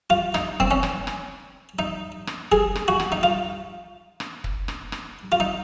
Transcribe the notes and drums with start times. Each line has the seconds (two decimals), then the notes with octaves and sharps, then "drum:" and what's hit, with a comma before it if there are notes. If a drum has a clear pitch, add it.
0.10 F4
0.34 D#4, drum: rim click
0.60 C4, drum: kick
0.71 C#4
0.83 drum: rim click
1.07 drum: rim click
1.79 D#4
2.27 drum: rim click
2.52 G#4, drum: kick
2.76 drum: rim click
2.88 F#4
3.00 drum: rim click
3.12 D#4
3.23 F4
4.20 drum: rim click
4.44 drum: kick
4.68 drum: rim click
4.92 drum: rim click
5.32 F4
5.40 D#4